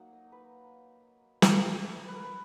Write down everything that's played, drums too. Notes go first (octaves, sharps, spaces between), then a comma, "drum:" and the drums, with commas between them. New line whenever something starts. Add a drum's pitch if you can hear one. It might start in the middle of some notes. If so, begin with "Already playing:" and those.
Already playing: F#3 A#3 D#4 F#5
D#5
B4
drum: snare
B4
A#4
B4